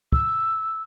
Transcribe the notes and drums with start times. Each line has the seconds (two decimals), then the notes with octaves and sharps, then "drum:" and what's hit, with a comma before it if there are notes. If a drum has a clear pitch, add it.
0.12 E6, drum: kick